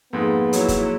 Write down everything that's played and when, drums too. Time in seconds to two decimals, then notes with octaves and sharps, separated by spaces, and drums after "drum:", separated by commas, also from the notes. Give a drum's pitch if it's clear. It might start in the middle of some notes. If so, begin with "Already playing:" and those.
0.13 F2 G#2 A#3 B3 G#4
0.53 F#3 E4, drum: hi-hat
0.68 drum: kick, hi-hat